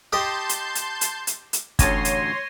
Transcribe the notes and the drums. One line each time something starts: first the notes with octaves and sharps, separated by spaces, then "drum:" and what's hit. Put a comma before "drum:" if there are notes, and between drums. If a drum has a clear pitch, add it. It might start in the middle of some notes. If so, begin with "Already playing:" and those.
G4 D#5 G5 A5 C6 G6
drum: hi-hat
drum: hi-hat
drum: hi-hat
drum: hi-hat
drum: hi-hat
A1 D2 C#5 A5 C6 G#6 A#6 D#7, drum: kick, hi-hat
drum: hi-hat